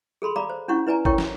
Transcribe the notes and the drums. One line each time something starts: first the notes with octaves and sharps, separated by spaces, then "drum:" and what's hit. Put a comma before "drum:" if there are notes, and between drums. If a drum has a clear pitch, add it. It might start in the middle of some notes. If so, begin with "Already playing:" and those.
G#4 A4 B5 C6
D5 F5 A#5 B5 D6
C5
C#4 D4 E4 F#5 C#6
E4 B4 D5 G#5 A#5
E4 A#4 C#5 G5 C#6, drum: kick G1
drum: snare